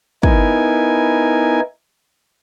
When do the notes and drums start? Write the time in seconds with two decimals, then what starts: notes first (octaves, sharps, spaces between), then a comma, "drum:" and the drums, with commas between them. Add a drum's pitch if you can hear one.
0.23 B3 D#4 E4 A#4 G#5, drum: kick